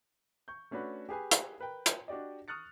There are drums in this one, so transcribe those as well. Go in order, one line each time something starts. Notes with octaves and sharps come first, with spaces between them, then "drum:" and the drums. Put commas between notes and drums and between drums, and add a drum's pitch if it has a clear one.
C#6 G6
A3 C#4 D4 F#4 B4
G4 G#4 B4 G#5
drum: hi-hat
A#4 B4 G5
drum: hi-hat
D4 F#4 G4 D5 D#5
C#6 D#6 F6 F#6 A6 C#7